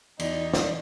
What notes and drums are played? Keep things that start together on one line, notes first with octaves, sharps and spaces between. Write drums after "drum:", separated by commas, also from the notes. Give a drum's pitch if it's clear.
E2 D#4 D5, drum: cymbal
drum: snare